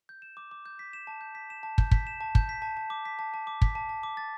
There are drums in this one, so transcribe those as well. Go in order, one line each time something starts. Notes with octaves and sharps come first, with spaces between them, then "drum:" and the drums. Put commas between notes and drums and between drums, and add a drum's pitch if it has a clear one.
G6
E7
D6
D6
G6
B6
E7
A5
G6
B6
E7
A5
G6, drum: kick
B6, drum: kick
E7
A5
G6, drum: kick
B6
A5
A5
D6
B6
A5
A5
D6
B6, drum: kick
A5
A5
D6
A6